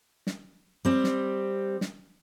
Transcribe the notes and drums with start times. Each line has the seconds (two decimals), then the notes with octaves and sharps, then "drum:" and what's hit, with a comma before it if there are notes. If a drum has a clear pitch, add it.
0.27 drum: snare
0.85 G3 C4
1.04 drum: snare
1.81 drum: snare